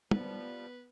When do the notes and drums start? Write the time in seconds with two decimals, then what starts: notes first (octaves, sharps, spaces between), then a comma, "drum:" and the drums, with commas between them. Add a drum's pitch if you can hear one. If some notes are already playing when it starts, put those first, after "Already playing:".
0.11 F3 G3 B3 B4, drum: tom